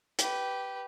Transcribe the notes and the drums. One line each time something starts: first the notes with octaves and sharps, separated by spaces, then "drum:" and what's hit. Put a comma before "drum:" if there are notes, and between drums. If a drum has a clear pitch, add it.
G4 B4, drum: hi-hat